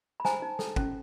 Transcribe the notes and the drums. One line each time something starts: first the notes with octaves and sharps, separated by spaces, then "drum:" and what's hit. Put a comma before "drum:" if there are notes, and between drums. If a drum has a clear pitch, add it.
B5
C5 G#5 A#5, drum: snare
D#4
A4, drum: snare
C#4, drum: kick